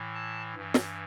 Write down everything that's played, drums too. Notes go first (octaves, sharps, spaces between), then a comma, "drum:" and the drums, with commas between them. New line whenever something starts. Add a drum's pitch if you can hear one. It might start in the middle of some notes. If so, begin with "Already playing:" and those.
Already playing: A2 E3
A5
G2 E3
drum: snare